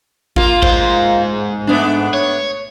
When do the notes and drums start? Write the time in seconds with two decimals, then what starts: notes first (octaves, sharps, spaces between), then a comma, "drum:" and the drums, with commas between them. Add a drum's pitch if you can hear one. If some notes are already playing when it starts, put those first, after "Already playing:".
0.36 A#3 F4, drum: kick A1
0.63 G#2 C5, drum: kick A1
1.67 A3 B3 D4
2.14 C#5